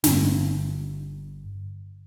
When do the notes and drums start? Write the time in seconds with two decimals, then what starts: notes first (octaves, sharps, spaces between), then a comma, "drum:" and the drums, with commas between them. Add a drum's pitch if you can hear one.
0.04 G1 G2 D3, drum: snare